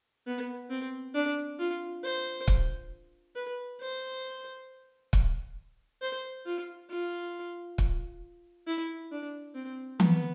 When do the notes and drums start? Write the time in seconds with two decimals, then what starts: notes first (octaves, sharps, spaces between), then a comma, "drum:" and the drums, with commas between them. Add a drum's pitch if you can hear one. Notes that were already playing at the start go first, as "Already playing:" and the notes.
0.27 B3
0.70 C4
1.15 D4
1.59 F4
2.04 C5
2.48 drum: kick
3.35 B4
3.80 C5
5.13 drum: kick
6.02 C5
6.46 F4
6.90 F4
7.78 drum: kick
8.67 E4
9.11 D4
9.55 C4
10.00 B3, drum: tom E3